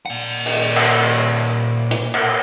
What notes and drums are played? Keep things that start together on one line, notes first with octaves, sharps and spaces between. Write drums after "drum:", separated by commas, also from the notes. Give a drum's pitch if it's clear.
A#2 F#5
drum: open hi-hat
drum: cymbal
drum: hi-hat
drum: cymbal